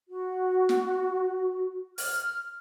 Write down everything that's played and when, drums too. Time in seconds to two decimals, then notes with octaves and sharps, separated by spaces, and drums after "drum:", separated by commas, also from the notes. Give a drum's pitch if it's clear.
0.09 F#4
0.69 drum: snare
1.98 F6, drum: open hi-hat